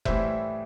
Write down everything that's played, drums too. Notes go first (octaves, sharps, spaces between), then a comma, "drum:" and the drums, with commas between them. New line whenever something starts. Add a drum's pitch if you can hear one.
A2 E3 G3 C5 E5, drum: kick F1